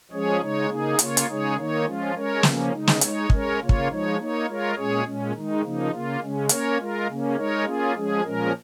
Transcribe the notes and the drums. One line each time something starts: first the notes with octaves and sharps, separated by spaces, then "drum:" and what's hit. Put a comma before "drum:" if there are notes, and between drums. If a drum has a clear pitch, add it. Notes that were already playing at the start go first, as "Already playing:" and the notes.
F3 G#3 C#4 G#4 C#5
C#3 G#3 D#4 C#5
C#3 A#3 D#4 G#4
C#3 A#3 F4 C#5, drum: hi-hat
drum: hi-hat
C#3 G#3 D#4 G#4 C#5
D#3 A#3 D#4 C#5
F3 G#3 C#4 F4
G#3 C#4 A#4 C#5
C#3 F3 A#3 C#4, drum: snare
C#3 G#3 D#4
drum: snare
G#3 D#4 C#5, drum: hi-hat
G#3 C#4 A#4 C#5, drum: kick
C#3 A#3 F4 C#5
drum: kick
F3 G#3 D#4 C#5
A#3 D#4 C#5
G#3 F4 A#4 C#5
A#2 G#3 C#4 G#4 C#5
A#2 G#3 C#4
D#3 G#3 D#4
C#3 F3 A#3 D#4
C#3 A#3 F4
C#3 G#3 C#4
A#3 C#4 A#4 C#5, drum: hi-hat
G#3 F4 A#4
C#3 A#3 C#4
G#3 D#4 A#4 C#5
A#3 C#4 F4 G#4
F3 G#3 C#4 G#4
A#2 F3 G#3 C#4 A#4